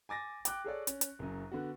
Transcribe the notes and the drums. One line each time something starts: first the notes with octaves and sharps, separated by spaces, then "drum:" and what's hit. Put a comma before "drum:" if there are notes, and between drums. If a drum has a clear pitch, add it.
G#5 D6 A6 A#6
G5 D6 F#6, drum: hi-hat
G#4 A4 C#5 D5
C#4, drum: hi-hat
drum: hi-hat
F#1 F#2
D3 B3 F#4